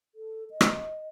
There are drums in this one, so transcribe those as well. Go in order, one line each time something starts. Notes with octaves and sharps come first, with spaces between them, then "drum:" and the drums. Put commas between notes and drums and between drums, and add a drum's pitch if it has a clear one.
A4
D#5
drum: rim click